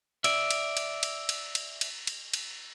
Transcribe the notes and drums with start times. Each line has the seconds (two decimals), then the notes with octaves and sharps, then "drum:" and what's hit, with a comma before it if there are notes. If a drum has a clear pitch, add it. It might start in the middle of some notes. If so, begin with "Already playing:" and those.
0.24 D5 E5, drum: cymbal
0.50 drum: cymbal
0.77 drum: cymbal
1.03 drum: cymbal
1.29 drum: cymbal
1.55 drum: cymbal
1.81 drum: cymbal
2.07 drum: cymbal
2.34 drum: cymbal